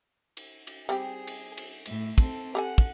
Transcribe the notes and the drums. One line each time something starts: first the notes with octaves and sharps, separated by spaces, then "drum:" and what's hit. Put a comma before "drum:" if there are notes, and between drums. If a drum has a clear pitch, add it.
drum: cymbal
drum: cymbal
G3 C4 G4 G#4
drum: cymbal
drum: cymbal
A2 E5, drum: cymbal
C4 A4, drum: kick, cymbal
G4 A4 F#5 G#5
drum: kick, cymbal